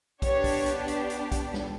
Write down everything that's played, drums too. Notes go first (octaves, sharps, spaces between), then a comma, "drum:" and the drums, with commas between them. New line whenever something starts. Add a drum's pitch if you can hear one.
B3 D4 G4 C#5, drum: kick, hi-hat
drum: kick, open hi-hat
drum: hi-hat
drum: hi-hat
drum: hi-hat
drum: kick, hi-hat
drum: snare